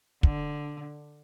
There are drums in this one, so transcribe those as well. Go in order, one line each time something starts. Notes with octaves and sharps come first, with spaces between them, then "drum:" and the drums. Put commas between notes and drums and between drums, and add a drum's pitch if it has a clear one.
D3, drum: kick